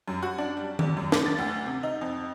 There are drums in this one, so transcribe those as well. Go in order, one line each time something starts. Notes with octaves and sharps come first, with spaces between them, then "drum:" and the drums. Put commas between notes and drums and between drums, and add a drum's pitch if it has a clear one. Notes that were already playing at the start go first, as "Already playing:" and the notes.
F#2
F#4
D4
G3
E2, drum: tom D#3
F#2
D6, drum: snare
A6
D2
C3
D#4
F2